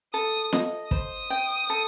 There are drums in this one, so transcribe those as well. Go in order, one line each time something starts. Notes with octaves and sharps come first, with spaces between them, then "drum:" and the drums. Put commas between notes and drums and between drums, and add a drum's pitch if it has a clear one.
A4 D#6
D#5, drum: snare
C5 D#6, drum: kick
G5
A4